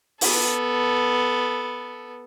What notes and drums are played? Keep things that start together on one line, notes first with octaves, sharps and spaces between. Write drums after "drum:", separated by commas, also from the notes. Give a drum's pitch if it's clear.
B3 A4, drum: open hi-hat